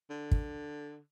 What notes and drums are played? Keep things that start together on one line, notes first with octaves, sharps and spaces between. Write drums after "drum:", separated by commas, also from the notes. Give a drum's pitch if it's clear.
D3
drum: kick